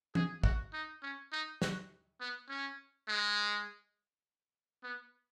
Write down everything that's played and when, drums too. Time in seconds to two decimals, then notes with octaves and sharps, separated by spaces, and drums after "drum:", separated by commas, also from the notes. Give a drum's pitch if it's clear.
0.15 G#4, drum: tom E3
0.44 F#4, drum: kick
0.73 D#4
1.03 C#4
1.32 D#4
1.62 F#4, drum: snare
2.20 B3
2.49 C#4
3.08 G#3
4.83 B3